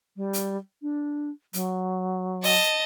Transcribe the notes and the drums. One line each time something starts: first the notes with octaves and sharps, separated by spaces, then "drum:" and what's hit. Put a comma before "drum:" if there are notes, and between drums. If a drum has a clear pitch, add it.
G3
drum: hi-hat
D4
F#3, drum: hi-hat
D#5 A5, drum: open hi-hat